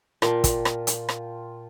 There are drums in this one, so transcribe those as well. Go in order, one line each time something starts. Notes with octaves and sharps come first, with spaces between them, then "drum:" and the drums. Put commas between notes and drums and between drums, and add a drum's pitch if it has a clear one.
A#2 F4 G5 A5, drum: rim click
drum: kick, hi-hat
drum: rim click
drum: hi-hat
drum: rim click